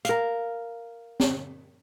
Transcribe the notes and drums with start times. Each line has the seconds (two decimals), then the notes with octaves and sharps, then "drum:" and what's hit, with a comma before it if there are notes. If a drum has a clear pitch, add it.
0.05 A#4 F5, drum: hi-hat
1.20 drum: snare